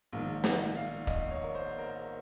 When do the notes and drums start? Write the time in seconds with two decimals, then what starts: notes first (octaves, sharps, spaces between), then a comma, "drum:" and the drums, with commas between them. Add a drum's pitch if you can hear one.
0.13 A#1 G#2 D#3
0.44 F#5, drum: snare
0.76 F5
1.07 D#5, drum: kick
1.31 C#5
1.44 A#4
1.55 C5
1.78 A#4